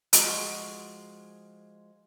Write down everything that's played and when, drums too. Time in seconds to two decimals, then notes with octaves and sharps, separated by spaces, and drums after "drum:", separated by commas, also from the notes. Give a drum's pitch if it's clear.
0.13 F3 G#3 F#4, drum: hi-hat